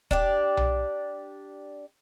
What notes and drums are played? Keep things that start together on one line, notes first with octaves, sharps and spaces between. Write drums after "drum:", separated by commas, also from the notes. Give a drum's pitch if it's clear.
D4 G4 D5, drum: kick
drum: tom B1